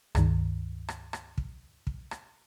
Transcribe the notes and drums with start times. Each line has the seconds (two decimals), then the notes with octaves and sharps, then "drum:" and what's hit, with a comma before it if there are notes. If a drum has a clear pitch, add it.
0.15 C#2 G2 D#3, drum: rim click
0.88 drum: rim click
1.13 drum: rim click
1.38 drum: kick
1.87 drum: kick
2.11 drum: rim click